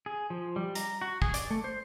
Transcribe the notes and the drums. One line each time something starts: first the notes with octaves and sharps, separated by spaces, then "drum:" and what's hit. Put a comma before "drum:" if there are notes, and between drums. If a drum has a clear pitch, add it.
G#4
F3
G3
A#5, drum: hi-hat
F#4
G#4, drum: kick
D5, drum: hi-hat
A3
C5